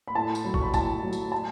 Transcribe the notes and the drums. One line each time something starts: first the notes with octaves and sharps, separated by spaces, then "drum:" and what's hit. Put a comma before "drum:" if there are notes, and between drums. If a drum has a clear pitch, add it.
B5
A2 A5
drum: tambourine
F#3 B5
C#6, drum: kick
B5
A2 A5, drum: kick, tambourine
F#3
drum: tambourine
A5